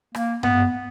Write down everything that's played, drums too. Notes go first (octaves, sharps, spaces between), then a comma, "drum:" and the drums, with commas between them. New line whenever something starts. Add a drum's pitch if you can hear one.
A#3, drum: rim click
B3, drum: tom G2